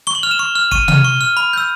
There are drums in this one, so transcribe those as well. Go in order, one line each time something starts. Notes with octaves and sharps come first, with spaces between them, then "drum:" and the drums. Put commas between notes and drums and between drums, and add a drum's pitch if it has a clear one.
C#6 G7
F#7
F6 F7
E7
C#6
F6
C#6 D#7, drum: kick E1
F6, drum: tom C3
C#6
F6
B5
E6 G6